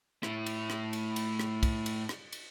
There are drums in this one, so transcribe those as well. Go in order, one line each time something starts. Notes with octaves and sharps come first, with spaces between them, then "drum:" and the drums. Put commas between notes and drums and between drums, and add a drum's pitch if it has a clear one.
A2 E4, drum: rim click
drum: cymbal
drum: rim click
drum: cymbal
drum: cymbal
drum: rim click
drum: kick, cymbal
drum: cymbal
drum: rim click
drum: cymbal